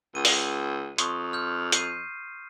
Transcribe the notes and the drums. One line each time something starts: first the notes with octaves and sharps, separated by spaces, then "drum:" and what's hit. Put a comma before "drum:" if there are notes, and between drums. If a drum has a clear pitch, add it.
C#2 D#7
drum: open hi-hat
F2 C6 C#6 D#6, drum: hi-hat
F6 G6
G6 C7 D#7, drum: hi-hat